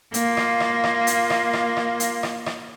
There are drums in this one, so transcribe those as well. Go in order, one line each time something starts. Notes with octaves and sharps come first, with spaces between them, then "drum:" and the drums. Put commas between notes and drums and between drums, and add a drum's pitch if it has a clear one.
A#3 F4, drum: hi-hat
drum: rim click
drum: rim click
drum: rim click
drum: hi-hat
drum: rim click
drum: rim click
drum: rim click
drum: hi-hat
drum: rim click
drum: rim click